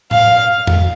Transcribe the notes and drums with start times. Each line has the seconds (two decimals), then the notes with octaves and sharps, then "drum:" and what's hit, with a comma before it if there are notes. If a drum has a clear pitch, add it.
0.11 F5, drum: tom A2
0.67 drum: tom F2